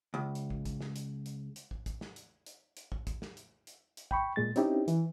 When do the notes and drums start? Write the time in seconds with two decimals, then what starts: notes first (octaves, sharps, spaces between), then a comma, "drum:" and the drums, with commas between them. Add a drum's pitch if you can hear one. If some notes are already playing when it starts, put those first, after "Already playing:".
0.14 C#2
0.35 drum: hi-hat
0.50 drum: kick
0.65 drum: kick, hi-hat
0.81 drum: snare
0.96 drum: hi-hat
1.26 drum: hi-hat
1.56 drum: hi-hat
1.71 drum: kick
1.86 drum: kick, hi-hat
2.01 drum: snare
2.16 drum: hi-hat
2.46 drum: hi-hat
2.77 drum: hi-hat
2.92 drum: kick
3.07 drum: kick, hi-hat
3.22 drum: snare
3.37 drum: hi-hat
3.67 drum: hi-hat
3.97 drum: hi-hat
4.11 G5 B5 C#6, drum: kick
4.36 A#2 G#3 A6
4.56 C4 C#4 D#4 E4 G4, drum: hi-hat
4.88 E3, drum: hi-hat